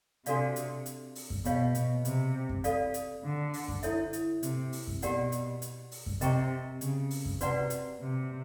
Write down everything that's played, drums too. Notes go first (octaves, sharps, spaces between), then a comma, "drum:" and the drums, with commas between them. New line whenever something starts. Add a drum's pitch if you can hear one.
C3 D4 F#4 A4 D5 F5, drum: hi-hat
drum: hi-hat
drum: hi-hat
drum: open hi-hat
drum: kick F#2
B2 G#4 C#5 F5, drum: hi-hat
B2, drum: hi-hat
C3, drum: hi-hat
drum: kick F#2
A4 D5 F5, drum: hi-hat
drum: hi-hat
D3
drum: open hi-hat
drum: kick F#2
E4 A4 C#5 E5, drum: hi-hat
drum: hi-hat
C3, drum: hi-hat
drum: open hi-hat
drum: kick F#2
B2 G4 A#4 D5 F#5, drum: hi-hat
drum: hi-hat
drum: hi-hat
drum: open hi-hat
drum: kick F#2
C3 A#4 D#5 G5 A#5 C#6, drum: hi-hat
C#3, drum: hi-hat
drum: open hi-hat
drum: kick F#2
C3 F#4 B4 D5 F#5 A#5, drum: hi-hat
drum: hi-hat
C3